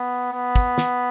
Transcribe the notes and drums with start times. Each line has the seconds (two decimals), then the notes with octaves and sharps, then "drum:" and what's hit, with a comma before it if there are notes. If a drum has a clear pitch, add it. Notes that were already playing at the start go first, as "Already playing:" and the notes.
Already playing: B3
0.33 B3
0.56 drum: kick, tambourine
0.78 drum: snare